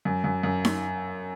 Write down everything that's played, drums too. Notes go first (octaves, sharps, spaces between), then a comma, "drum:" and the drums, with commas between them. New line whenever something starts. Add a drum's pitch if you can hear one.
F#2
F#2
F#2
drum: snare D#4